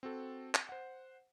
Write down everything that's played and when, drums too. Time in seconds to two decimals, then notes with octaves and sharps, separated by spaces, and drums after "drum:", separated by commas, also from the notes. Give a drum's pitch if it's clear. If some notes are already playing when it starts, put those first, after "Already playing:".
0.03 C4 F#4 A4
0.55 drum: clap
0.69 C5 F#5